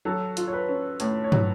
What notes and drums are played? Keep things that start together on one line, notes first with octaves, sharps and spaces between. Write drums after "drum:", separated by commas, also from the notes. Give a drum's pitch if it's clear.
F#3 A4
F4, drum: hi-hat
C#5
B4
C#4
A2 C#5, drum: hi-hat
C#5
F#3, drum: tom